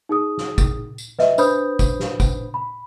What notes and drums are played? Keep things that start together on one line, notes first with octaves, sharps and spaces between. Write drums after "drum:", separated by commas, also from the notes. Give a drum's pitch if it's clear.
D#4 G#4 D#6
drum: snare
drum: kick, tambourine
drum: tambourine
B4 D#5 E5, drum: snare
D4 B4 C5 B5 D#6 G6, drum: tambourine
drum: kick, tambourine
drum: snare
drum: kick, tambourine
B5